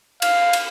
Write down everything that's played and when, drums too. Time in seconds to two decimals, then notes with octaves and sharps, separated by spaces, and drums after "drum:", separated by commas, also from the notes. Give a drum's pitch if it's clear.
0.22 F5, drum: cymbal
0.53 drum: cymbal